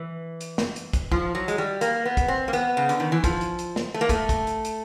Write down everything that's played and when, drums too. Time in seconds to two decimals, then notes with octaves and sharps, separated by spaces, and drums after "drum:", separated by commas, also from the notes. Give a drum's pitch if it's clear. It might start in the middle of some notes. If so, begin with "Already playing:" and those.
Already playing: E3
0.40 drum: hi-hat
0.58 drum: snare
0.76 drum: hi-hat
0.93 drum: kick, hi-hat
1.12 F3, drum: kick
1.35 F#3
1.48 G#3, drum: hi-hat
1.58 G3
1.81 A#3, drum: hi-hat
2.05 B3
2.17 drum: kick, hi-hat
2.28 C4
2.48 A#3
2.53 B3, drum: hi-hat
2.77 C#3
2.89 D3, drum: hi-hat
3.00 D#3
3.12 E3
3.24 F3, drum: kick, hi-hat
3.41 drum: hi-hat
3.58 drum: hi-hat
3.76 drum: snare
3.94 A3
4.01 A#3
4.09 A3, drum: kick, hi-hat
4.29 drum: kick, hi-hat
4.47 drum: hi-hat
4.64 drum: hi-hat